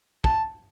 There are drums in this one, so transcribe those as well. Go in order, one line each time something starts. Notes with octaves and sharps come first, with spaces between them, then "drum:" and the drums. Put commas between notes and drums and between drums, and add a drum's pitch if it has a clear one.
A5, drum: kick